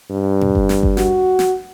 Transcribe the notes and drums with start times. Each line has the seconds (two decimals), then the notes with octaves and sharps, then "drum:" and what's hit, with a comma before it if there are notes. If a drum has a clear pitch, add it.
0.10 G2
0.41 drum: tom
0.55 drum: kick G1
0.69 drum: snare
0.83 drum: kick G1
0.97 F#4, drum: snare
1.39 drum: snare